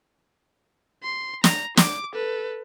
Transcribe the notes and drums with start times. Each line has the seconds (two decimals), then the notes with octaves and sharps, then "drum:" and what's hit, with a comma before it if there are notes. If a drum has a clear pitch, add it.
1.03 C6
1.44 A#5, drum: snare
1.77 D6, drum: snare
2.14 A4 B4